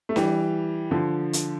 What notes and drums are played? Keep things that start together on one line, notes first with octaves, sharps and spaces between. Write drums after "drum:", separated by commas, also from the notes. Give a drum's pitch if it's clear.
A3
E3 G3, drum: snare
D3 F3
drum: hi-hat